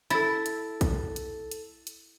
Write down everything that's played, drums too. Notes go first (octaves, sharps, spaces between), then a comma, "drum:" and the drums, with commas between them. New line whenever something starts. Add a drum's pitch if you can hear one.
E4 A4 A6, drum: hi-hat
drum: hi-hat
drum: kick A#1, hi-hat
drum: hi-hat
drum: hi-hat
drum: hi-hat